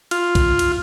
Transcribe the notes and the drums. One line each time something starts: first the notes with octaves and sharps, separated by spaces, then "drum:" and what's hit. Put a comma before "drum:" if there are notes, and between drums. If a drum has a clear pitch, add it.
F4, drum: cymbal
drum: kick, cymbal
drum: cymbal